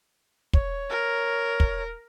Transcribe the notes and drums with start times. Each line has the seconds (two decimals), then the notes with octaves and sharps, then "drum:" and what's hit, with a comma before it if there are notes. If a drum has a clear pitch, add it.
0.53 C#5, drum: kick
0.90 A#4
1.60 drum: kick